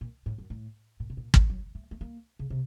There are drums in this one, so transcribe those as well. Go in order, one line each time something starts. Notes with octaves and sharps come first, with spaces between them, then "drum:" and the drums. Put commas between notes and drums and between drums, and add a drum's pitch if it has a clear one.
A#2
A2
F#2
A2
A#2
C3
A#2
drum: kick
F#3
A3
A3
A#3
C#3
C3